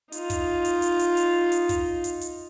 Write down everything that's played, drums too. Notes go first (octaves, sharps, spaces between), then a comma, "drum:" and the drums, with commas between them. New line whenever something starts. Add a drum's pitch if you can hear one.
D#4 F4, drum: hi-hat
drum: kick, hi-hat
drum: hi-hat
drum: hi-hat
drum: hi-hat
drum: hi-hat
drum: hi-hat
drum: kick, hi-hat
drum: hi-hat
drum: hi-hat